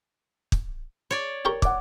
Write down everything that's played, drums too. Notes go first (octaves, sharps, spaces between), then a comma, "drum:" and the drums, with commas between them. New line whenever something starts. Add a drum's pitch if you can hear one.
drum: kick
C#5 D5
G4 A#4 C#6
F#5 D6, drum: kick